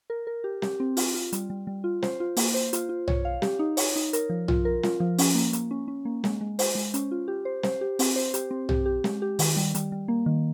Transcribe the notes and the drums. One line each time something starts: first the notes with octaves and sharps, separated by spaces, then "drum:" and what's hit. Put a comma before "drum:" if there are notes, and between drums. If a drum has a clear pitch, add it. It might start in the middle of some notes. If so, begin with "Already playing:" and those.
A#4
A#4
G4
G4, drum: snare
C4
F4, drum: open hi-hat
F4
G3, drum: hi-hat
G3
G3
F4
C5, drum: snare
F4
A#3, drum: open hi-hat
C5
F4, drum: hi-hat
F4
C#5, drum: tom
F5
G4, drum: snare
D#4
C#5, drum: open hi-hat
D#4
A#4, drum: hi-hat
F3
F4, drum: tom
A#4
F4, drum: snare
F3
C#4, drum: open hi-hat
A#3
A#3, drum: hi-hat
C#4
C#4
A#3
G#3, drum: snare
G#3
C5, drum: open hi-hat
G#3
C#4, drum: hi-hat
F4
G4
C5
C5, drum: snare
G4
C4, drum: open hi-hat
C5
G4, drum: hi-hat
C4
G4, drum: tom
G4
G#3, drum: snare
G4
D#3, drum: open hi-hat
G3
G3, drum: hi-hat
G3
A#3
D#3